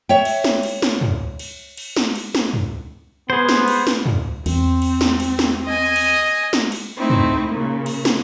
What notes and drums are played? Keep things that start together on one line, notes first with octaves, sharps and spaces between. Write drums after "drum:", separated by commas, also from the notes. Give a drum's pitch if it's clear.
C#5 E5 G5
drum: cymbal
drum: snare
drum: cymbal
drum: snare
drum: tom
drum: cymbal
drum: cymbal
drum: snare
drum: cymbal
drum: snare
drum: tom
B3 G#4 C5
drum: snare
drum: cymbal
drum: snare
drum: tom
E2 C4, drum: cymbal
drum: cymbal
drum: snare
drum: cymbal
drum: snare
D#5 G#5
drum: cymbal
drum: snare
drum: cymbal
A3 C4 D#4 E4
drum: tom
A#2 C#3
drum: cymbal
drum: snare